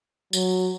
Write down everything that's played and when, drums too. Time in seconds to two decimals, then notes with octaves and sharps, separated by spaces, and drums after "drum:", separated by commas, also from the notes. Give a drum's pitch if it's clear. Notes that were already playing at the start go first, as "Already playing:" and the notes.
0.33 F#3, drum: tambourine